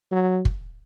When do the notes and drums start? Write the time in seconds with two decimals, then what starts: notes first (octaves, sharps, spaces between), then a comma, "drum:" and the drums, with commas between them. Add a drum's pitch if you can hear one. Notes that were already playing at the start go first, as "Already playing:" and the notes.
0.12 F#3
0.45 drum: kick